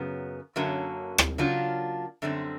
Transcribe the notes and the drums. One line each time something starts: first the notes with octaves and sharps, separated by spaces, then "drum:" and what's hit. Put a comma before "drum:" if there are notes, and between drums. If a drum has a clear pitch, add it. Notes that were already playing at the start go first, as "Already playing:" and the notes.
Already playing: F#2 C#3 F#3 B3
F#2 D3 F#3 A#3 C#4
drum: rim click
C#3 F#3 A#3 D4 F4
F#2 D3 G3 C4